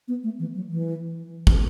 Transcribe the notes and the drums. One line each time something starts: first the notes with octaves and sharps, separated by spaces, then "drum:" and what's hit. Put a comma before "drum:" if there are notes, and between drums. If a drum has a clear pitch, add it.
B3
A3
E3
F#3
E3
E3, drum: kick